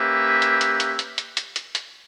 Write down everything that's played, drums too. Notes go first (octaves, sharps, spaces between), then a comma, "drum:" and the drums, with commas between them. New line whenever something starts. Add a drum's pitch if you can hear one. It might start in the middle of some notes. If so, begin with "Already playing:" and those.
Already playing: A#3 C#4 G4 B4 E5
drum: hi-hat
drum: hi-hat
drum: hi-hat
drum: hi-hat
drum: hi-hat
drum: hi-hat
drum: hi-hat
drum: hi-hat